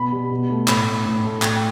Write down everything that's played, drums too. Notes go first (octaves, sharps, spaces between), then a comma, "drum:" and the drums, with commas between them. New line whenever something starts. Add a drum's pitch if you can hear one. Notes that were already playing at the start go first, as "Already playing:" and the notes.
Already playing: B2 B5
G3
B2
A3
A2 B5, drum: clap
A3
A2
A3
A2 G5, drum: clap